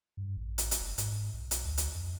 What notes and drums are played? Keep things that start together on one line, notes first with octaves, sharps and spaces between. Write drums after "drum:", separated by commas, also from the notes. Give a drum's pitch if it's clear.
G2
A1
drum: hi-hat
drum: hi-hat
F#1
G#2, drum: hi-hat
B1
drum: hi-hat
D2
drum: hi-hat
F2